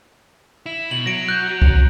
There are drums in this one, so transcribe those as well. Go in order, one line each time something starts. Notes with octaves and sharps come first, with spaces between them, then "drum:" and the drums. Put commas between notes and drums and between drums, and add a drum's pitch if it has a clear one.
E4
B2 F#7
F#3 A#6 D7
F#6 G6 F#7
drum: kick C2